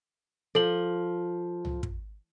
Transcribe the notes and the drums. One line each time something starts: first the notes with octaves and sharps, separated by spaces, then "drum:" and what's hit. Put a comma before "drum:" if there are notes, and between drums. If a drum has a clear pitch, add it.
F3 A4 F#7
drum: tom C2
drum: kick